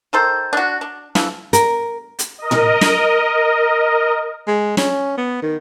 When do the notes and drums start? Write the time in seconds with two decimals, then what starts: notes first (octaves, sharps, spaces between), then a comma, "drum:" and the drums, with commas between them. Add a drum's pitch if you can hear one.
0.13 D#3 A4 C5
0.53 D4 F#4
0.81 D4
1.15 E3 F3, drum: snare
1.53 A#4, drum: hi-hat
2.19 drum: hi-hat
2.38 A#4 D#5
2.51 drum: tom A2
2.81 drum: snare
4.47 G#3
4.77 C#4, drum: snare
5.17 B3
5.42 D#3